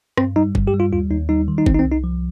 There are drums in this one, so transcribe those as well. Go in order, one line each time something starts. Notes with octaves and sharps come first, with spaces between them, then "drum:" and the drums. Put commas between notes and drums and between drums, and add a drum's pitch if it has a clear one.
G2 C4, drum: rim click
G3 D#4
G2, drum: kick
G4
G3
F4
D#2 F4
D#2 D#4
G3 D#4
D#3
D#4
C2 C4, drum: kick
D#4
C4
C2
D#4
F3